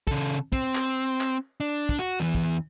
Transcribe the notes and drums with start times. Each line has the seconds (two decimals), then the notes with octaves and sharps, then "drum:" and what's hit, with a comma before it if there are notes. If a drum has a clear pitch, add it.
0.07 C#3 A4, drum: kick
0.53 C4, drum: kick
0.75 drum: clap
1.21 drum: clap
1.60 D4
1.89 drum: kick
1.99 F#4
2.20 E2 E3
2.35 drum: kick